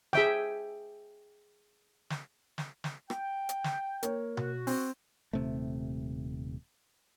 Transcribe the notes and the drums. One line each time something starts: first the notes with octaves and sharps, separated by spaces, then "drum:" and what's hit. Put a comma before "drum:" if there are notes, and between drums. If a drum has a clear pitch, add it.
G#4 E5 G5, drum: snare
drum: snare
drum: snare
drum: snare
G5, drum: rim click
drum: hi-hat
drum: snare
A#3 C#5, drum: hi-hat
F#4, drum: tom B2
C4, drum: open hi-hat
D#1 C3 A3